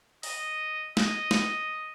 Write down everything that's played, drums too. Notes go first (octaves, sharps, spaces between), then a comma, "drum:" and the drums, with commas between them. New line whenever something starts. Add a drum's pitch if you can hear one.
D#5, drum: open hi-hat
D#5, drum: snare
drum: snare